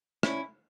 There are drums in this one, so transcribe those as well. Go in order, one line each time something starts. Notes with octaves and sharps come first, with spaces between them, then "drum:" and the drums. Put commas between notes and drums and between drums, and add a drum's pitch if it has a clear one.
C#4 E4, drum: rim click